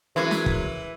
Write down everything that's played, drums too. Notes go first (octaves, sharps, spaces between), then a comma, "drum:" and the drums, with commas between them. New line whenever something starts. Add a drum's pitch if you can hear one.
E3 F#3 G#3 C#4 A#4
drum: snare
drum: kick